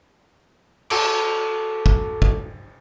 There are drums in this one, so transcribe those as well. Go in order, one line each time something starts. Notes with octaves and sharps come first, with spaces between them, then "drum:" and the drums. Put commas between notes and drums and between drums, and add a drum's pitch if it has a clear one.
F#4 A4 D6, drum: cymbal
drum: kick
drum: kick